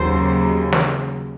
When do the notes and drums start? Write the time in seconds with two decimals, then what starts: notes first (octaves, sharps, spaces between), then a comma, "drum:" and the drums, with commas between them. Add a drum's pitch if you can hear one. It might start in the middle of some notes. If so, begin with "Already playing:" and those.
Already playing: D#2 C#3 F#3 C5
0.72 drum: snare